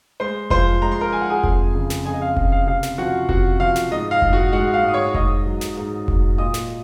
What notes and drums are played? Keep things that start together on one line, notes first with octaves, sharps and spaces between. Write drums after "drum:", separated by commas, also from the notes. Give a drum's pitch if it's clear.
G#3 C5 C6
F3 C5 C6, drum: kick F1
G#3 A#5
C6
A#4 A#5
F3 G#5
F#5
G#4 G#5
F2, drum: kick F1
C#3
drum: snare
F2 G#4 G#5
D#5
F5
C#3 F5, drum: kick F1
F5
C3 F5
drum: snare
F3 F#4 F#5
C3 F#4 F#5, drum: kick F1
F3 F5
drum: snare
G#2 D#5
F5
G#2, drum: kick F1
F#4 F#5
G#3 F#4 F#5
F5
G#2 D#6
C#5 C#6
G#2 D#5 D#6, drum: kick F1
F#3
drum: snare
G#2
F#3, drum: kick F1
A#2 D#5 D#6
drum: snare